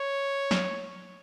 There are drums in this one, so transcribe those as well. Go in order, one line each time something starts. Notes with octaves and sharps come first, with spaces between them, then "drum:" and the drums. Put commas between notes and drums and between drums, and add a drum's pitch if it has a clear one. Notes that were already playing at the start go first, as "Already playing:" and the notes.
Already playing: C#5
drum: snare